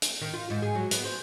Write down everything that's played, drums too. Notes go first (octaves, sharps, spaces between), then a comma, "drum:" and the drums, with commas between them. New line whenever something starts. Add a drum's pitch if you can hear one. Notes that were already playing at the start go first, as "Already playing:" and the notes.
drum: hi-hat
D#3
F4
G#2
G#4
F#3
B3, drum: hi-hat
C5